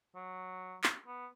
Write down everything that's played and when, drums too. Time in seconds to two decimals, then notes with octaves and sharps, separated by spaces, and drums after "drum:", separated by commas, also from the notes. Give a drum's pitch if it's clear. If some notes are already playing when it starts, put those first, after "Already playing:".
0.15 F#3
0.84 drum: clap
1.07 B3